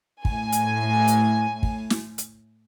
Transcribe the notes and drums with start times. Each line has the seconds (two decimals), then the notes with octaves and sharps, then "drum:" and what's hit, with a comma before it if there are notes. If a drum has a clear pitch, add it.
0.25 A2 G#5, drum: kick
0.52 drum: hi-hat
1.08 drum: hi-hat
1.63 drum: kick
1.90 drum: snare
2.18 drum: hi-hat